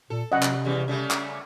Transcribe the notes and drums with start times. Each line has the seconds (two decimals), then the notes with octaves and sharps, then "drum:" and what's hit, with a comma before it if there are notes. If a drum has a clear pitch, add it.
0.10 A#2 A4
0.32 F2 C3 D#5 F#5
0.43 drum: clap
0.65 E2 C#3 G3
0.88 C#3 G3 A3
1.11 drum: clap